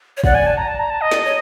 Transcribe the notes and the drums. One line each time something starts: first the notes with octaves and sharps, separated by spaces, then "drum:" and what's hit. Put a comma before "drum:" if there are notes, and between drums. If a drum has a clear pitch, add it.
C#5
D5 F#5, drum: kick
G#5
A5
A#5
A5
A#5
A5
D#5
D5, drum: snare
C#5